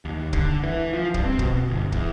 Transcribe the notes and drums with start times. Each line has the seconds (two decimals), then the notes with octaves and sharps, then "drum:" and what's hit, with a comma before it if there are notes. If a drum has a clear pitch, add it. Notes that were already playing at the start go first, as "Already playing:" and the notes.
0.05 D#2
0.33 D3, drum: kick
0.63 E3
0.93 F3
1.14 G2, drum: kick
1.25 C4
1.39 B2, drum: kick
1.69 G1
1.92 E2, drum: kick